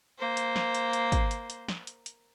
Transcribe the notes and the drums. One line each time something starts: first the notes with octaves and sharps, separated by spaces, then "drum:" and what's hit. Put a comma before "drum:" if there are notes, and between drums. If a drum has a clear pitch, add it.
A#3 C5
drum: hi-hat
drum: snare
drum: hi-hat
drum: hi-hat
drum: kick, hi-hat
drum: hi-hat
drum: hi-hat
drum: snare
drum: hi-hat
drum: hi-hat